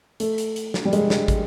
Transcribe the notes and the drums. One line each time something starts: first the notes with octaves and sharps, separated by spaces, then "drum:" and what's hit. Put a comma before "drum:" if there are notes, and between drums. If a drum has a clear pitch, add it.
A3, drum: hi-hat
drum: hi-hat
drum: hi-hat
drum: snare
G3
G#3, drum: hi-hat
drum: snare
drum: kick, hi-hat